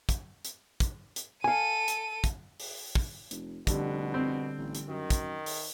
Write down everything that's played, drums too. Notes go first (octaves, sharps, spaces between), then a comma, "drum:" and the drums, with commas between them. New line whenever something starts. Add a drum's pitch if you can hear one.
drum: kick, hi-hat
drum: hi-hat
drum: kick, hi-hat
drum: hi-hat
A4 F5 G#5 D#7
drum: hi-hat
drum: kick, hi-hat
drum: open hi-hat
drum: kick
F1, drum: hi-hat
F1 B2 D3 G3, drum: kick, hi-hat
C4
A1
drum: hi-hat
F#2 D#3
drum: kick, hi-hat
drum: open hi-hat